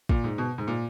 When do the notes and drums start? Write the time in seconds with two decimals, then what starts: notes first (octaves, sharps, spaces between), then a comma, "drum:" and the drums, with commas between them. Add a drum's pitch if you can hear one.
0.09 A#2, drum: kick
0.24 G#2
0.38 B2
0.58 G#2
0.68 A#2